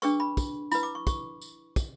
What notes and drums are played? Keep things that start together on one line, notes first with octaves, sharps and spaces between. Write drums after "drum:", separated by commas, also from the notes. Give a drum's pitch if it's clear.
D4 G#4 B4 C#6, drum: tambourine
B5
drum: kick, tambourine
E4 B4 B5, drum: tambourine
D6
C#6
C#6, drum: kick, tambourine
drum: tambourine
drum: kick, tambourine